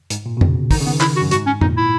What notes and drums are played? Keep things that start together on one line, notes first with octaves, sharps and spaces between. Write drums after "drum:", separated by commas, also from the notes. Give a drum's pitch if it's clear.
G#2, drum: hi-hat
A#2
B2
C#3, drum: tom F2
D#3 D#4, drum: kick, open hi-hat
C#3
D#3 B3
E4, drum: clap
F#4
F#2
G#2 F#4, drum: hi-hat
C#4
A#2 D#4, drum: tom F2
E4